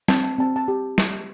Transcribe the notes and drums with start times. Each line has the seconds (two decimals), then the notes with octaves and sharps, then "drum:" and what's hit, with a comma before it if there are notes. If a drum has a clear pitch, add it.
0.08 C4 A5, drum: snare
0.24 A5
0.38 C4 A5
0.56 A5
0.68 G4
0.98 drum: snare